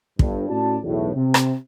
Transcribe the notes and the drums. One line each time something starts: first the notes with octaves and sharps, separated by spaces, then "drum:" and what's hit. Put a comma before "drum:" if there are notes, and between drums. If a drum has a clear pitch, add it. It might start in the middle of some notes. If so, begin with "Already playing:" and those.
G1 G2, drum: kick
A2 C#4 F#4 D5 A5
B1 E2 A2
C3
drum: rim click